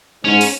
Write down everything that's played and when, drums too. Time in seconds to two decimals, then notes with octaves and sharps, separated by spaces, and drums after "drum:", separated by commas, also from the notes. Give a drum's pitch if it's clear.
0.24 G#2 C#4
0.41 drum: open hi-hat